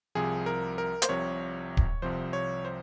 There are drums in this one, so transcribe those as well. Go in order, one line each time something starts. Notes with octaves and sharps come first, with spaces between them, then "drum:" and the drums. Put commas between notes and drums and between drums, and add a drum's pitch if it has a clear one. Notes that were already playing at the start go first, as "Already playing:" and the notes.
C2 C3 F3 G#4
A#4
A#4
C5, drum: hi-hat
C2 C3 F3 C#5
drum: kick D1
C2 C3 F3 C5
C#5
C5